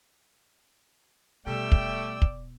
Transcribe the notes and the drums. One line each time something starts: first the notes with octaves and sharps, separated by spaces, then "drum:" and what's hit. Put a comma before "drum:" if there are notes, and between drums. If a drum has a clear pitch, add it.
B2 G3 A3 D5 G5 E6
drum: kick
drum: kick